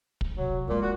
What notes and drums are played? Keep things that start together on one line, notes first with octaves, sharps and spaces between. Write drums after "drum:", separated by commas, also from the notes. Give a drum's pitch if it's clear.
drum: kick
C3 F#3
A#2 G#3 D#4
F#4